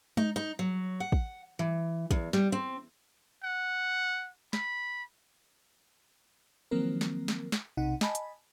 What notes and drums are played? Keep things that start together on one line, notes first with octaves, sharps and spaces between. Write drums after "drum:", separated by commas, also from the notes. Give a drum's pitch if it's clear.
D#4, drum: tom G#3
D#4
F#3
F#5
drum: kick
E3
E2, drum: kick
G3, drum: snare
C4
F#5
B5, drum: snare
D#3 F3 F#3 A#3 C4 A#4
drum: snare
drum: snare
drum: snare
B1 C3 D#4 F#5
D#5 G#5 A5 B5, drum: snare
drum: hi-hat